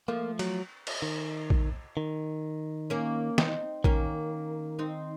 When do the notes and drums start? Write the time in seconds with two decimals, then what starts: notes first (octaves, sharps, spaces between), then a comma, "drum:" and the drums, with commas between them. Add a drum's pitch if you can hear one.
0.08 F3 A3 A#3
0.39 F#3, drum: cymbal
0.87 drum: cymbal
1.02 D#3
1.50 drum: kick A#1
1.97 D#3
2.90 A#3 C#4
3.38 C4 D#4, drum: snare
3.84 D#3 A#3 C#4, drum: kick A#1
4.79 C4 D#4